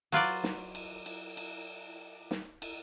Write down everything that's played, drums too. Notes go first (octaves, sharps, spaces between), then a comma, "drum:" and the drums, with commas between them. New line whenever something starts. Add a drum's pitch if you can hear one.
F#3 F4 B4 D5, drum: cymbal
drum: snare
drum: cymbal
drum: cymbal
drum: cymbal
drum: snare
drum: cymbal